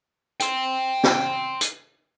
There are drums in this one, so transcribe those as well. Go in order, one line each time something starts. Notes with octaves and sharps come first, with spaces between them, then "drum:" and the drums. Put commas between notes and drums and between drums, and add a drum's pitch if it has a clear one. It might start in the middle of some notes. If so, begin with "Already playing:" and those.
G5 C6, drum: hi-hat
drum: snare
drum: hi-hat